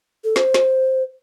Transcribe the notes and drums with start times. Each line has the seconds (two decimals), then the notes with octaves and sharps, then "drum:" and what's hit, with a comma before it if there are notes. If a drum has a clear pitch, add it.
0.24 A4
0.36 C5, drum: snare
0.54 drum: snare